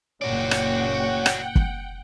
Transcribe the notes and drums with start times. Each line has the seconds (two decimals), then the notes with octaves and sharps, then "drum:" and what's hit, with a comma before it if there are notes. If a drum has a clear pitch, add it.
0.22 F#1 A#2 C#4 F#4 D5 F#5 G5
0.51 drum: rim click
1.26 drum: rim click
1.55 drum: kick F#1